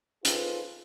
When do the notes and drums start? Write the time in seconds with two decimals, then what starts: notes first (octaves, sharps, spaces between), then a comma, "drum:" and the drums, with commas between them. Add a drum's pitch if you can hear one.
0.25 D#4 F4 G#4 A4 B4 C5, drum: hi-hat